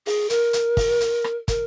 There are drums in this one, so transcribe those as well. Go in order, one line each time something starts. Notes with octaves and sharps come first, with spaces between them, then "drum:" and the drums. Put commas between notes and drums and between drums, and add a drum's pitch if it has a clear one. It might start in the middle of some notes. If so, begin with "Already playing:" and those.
G#4, drum: open hi-hat
A#4, drum: hi-hat
drum: hi-hat
drum: kick, open hi-hat
drum: hi-hat
drum: rim click
A#4, drum: kick, hi-hat